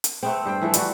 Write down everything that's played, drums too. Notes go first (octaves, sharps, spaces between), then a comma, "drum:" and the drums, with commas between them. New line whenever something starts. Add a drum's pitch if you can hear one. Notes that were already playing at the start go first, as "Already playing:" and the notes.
drum: hi-hat
A3 B3 C4
G2 C5 G5
E3 F3 A3
G3 F#4, drum: hi-hat